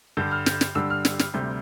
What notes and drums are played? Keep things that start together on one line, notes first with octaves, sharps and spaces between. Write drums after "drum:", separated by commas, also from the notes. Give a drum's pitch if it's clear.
G2 D3 G3 G6
F6
G6, drum: snare
drum: snare
G2 D3 G3 E6
F6
drum: snare
F6, drum: snare
D2 C3 G3 G6